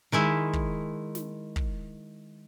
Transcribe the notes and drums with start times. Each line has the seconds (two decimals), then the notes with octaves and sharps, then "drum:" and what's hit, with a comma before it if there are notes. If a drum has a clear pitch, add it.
0.12 D#3 G#3 E4
0.53 drum: kick
1.15 drum: snare
1.56 drum: kick